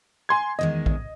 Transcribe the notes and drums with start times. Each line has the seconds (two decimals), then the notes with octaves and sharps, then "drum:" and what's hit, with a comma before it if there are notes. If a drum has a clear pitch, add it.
0.29 G#5 C6 G#6
0.59 E2 D#3 G#3 D#5
0.86 drum: kick